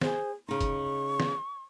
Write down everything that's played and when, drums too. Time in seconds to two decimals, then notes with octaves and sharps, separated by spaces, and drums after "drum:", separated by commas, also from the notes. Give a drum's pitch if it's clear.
0.01 G#4 C5, drum: snare
0.48 C#3 D#4 C#6
0.61 drum: kick, hi-hat
1.20 drum: snare